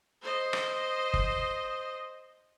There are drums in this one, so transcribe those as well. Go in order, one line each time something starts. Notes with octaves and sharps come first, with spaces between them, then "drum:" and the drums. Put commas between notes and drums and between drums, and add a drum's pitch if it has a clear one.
C5 D#5
drum: rim click
drum: kick G1